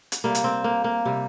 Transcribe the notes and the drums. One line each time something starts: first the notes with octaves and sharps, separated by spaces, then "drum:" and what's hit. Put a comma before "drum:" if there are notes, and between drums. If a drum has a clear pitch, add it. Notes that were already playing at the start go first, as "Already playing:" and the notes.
drum: hi-hat
C3 G3 A#3
drum: hi-hat
C4
A#3
A#3
C3 G3